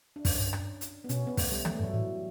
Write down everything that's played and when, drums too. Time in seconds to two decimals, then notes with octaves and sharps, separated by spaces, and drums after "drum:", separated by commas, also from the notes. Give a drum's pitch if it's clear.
0.16 D4
0.25 F#2 C#4, drum: kick, open hi-hat
0.39 G2
0.53 drum: rim click
0.81 drum: hi-hat
1.04 B3
1.09 B2 C#4, drum: hi-hat
1.27 B3
1.37 A3, drum: kick, open hi-hat
1.51 G3
1.65 E3 A3, drum: rim click
1.75 A3
1.79 G2
1.84 F#3
1.93 A2 E3